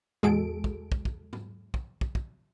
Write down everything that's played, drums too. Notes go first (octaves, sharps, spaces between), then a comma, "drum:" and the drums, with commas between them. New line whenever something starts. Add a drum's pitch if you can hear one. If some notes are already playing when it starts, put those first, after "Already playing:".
E2 G#3 F#4 G#4 A4 D7, drum: tom
drum: kick
drum: kick
drum: kick
drum: tom G#2
drum: kick
drum: kick
drum: kick